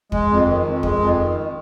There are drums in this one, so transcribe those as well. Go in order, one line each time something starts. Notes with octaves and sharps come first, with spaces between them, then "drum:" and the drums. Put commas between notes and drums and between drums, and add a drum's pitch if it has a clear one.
G#3, drum: kick
F2
D#3
F2
G#3, drum: kick
F2
D#3